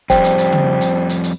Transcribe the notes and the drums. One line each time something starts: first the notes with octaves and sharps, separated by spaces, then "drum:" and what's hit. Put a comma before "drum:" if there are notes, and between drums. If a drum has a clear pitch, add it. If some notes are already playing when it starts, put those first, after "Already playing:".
F2 G3 C5 G5, drum: kick, hi-hat
drum: hi-hat
drum: hi-hat
drum: tom C#3
drum: hi-hat
drum: hi-hat
drum: hi-hat